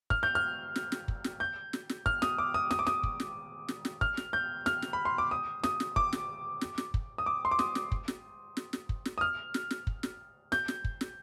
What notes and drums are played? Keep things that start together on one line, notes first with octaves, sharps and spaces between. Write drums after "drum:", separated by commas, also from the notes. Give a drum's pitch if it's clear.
F6, drum: kick
G6
F6
drum: snare
drum: snare
drum: kick
drum: snare
G6
drum: snare
drum: snare
F6, drum: kick
D#6, drum: snare
D6
D#6
D#6, drum: snare
D6
D#6, drum: snare
drum: kick
drum: snare
drum: snare
drum: snare
F6, drum: kick
drum: snare
G6
F6, drum: snare
drum: snare
B5
C6
D6
D#6
D#6, drum: snare
drum: snare
D6, drum: kick
drum: snare
drum: snare
drum: snare
drum: kick
D#6
D6
C6
D6
D#6, drum: snare
drum: snare
drum: kick
drum: snare
drum: snare
drum: snare
drum: kick
drum: snare
D#6
F6
drum: snare
drum: snare
drum: kick
drum: snare
G6, drum: snare
drum: snare
drum: kick
drum: snare